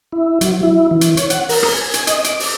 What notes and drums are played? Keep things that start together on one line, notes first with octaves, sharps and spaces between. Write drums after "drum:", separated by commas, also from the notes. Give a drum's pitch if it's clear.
E4
F#3, drum: hi-hat
E4
E3
drum: hi-hat
C#5, drum: hi-hat
F#5, drum: hi-hat
A#4, drum: open hi-hat
drum: rim click
G#5
drum: hi-hat
D#5, drum: hi-hat
D6, drum: hi-hat
drum: open hi-hat